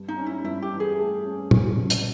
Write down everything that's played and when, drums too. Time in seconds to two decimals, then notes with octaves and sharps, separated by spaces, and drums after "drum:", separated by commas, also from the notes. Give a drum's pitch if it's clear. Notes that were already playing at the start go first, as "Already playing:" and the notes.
Already playing: G2
0.08 D#4
0.18 C#4
0.26 E4
0.44 G2 E4
0.62 G4
0.72 E3
0.80 G#4
0.98 A3
1.25 C#4
1.51 C#4, drum: tom
1.78 G2
1.90 drum: hi-hat